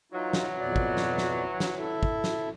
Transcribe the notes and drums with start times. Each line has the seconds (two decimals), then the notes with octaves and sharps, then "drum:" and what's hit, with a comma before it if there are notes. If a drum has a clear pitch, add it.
0.12 E3 F#3 D#4 F4
0.33 drum: snare
0.60 F2 B2 D5
0.76 drum: kick
0.97 drum: snare
1.18 drum: snare
1.60 drum: snare
1.79 E4 A4 E5
2.03 drum: kick
2.24 drum: snare